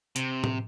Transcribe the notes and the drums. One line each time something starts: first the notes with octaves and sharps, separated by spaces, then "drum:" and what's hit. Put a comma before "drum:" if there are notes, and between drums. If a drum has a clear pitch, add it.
C3, drum: hi-hat
drum: tom A2